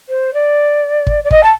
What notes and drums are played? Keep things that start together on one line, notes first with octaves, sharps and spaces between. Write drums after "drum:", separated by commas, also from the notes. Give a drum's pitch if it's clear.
C5
D5
drum: kick
D5
D#5, drum: kick
A5